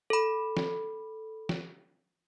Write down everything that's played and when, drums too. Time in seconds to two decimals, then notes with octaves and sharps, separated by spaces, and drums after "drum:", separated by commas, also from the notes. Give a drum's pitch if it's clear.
0.10 A4 B5
0.57 drum: snare
1.49 drum: snare